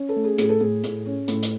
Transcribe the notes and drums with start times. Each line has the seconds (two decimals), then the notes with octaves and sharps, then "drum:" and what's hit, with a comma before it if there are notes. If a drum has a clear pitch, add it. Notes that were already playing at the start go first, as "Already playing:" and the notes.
Already playing: C#4
0.09 A4
0.16 A3
0.24 G#4
0.38 A2 G#4, drum: hi-hat
0.49 A4
0.60 A2 G#4
0.83 A2, drum: hi-hat
1.05 C#4
1.28 A2, drum: hi-hat
1.42 drum: hi-hat